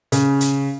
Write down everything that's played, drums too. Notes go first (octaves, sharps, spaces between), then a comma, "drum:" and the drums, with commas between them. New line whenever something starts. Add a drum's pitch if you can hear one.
C#3, drum: hi-hat
drum: hi-hat